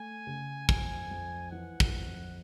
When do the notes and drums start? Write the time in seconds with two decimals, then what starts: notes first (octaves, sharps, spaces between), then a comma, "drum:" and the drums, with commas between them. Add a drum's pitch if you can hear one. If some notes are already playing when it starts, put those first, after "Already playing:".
Already playing: A3 G#5
0.27 C#3
0.69 F2 G#5, drum: kick
1.11 F2
1.52 E3 F#5
1.80 drum: kick
1.94 F2